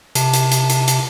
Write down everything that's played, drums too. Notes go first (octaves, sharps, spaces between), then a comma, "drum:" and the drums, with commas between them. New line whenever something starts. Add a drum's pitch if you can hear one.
C3 A5, drum: hi-hat
drum: hi-hat
drum: hi-hat
drum: hi-hat
drum: hi-hat